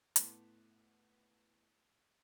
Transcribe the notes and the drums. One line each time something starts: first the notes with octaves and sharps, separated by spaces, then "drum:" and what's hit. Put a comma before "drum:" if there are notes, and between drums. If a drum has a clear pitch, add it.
A2 A3 B3 A5 C6 D6, drum: hi-hat